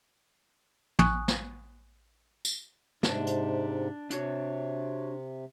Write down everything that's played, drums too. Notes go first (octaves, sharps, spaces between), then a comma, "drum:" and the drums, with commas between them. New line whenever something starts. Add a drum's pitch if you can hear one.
A1 G#5 C#6 D#6 F#6, drum: tom
drum: snare
drum: tambourine
G#2 C3 D4, drum: snare
drum: hi-hat
C3 D4 F#4 C#5, drum: hi-hat